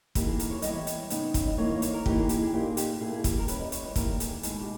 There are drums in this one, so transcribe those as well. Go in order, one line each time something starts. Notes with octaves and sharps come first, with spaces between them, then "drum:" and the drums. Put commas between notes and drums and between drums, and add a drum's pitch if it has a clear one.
E3 A#3 D#4 G4, drum: kick, hi-hat
G#4
A#4, drum: hi-hat
C#5
E3 G3 B3 E4 D#5, drum: hi-hat
C#5
drum: hi-hat
C#3 G3 B3 D#4, drum: hi-hat
drum: kick, hi-hat
D#5
E3 A#3 D#4 C#5
C#5
C#5, drum: hi-hat
A#4
E3 A#3 D#4 G4, drum: kick
G#4
G4, drum: hi-hat
G#4
A#2 A#3 D#4 G4
G#4
G4, drum: hi-hat
B2 A#3 E4 G#4
G#4
G4, drum: kick, hi-hat
A#4
G3 C#4 E4 B4, drum: hi-hat
D#5
C#5, drum: hi-hat
B4
D#3 G3 A#3 E4 A#4, drum: kick, hi-hat
G#4, drum: hi-hat
B2 G#3 D#4 G#4, drum: hi-hat
G4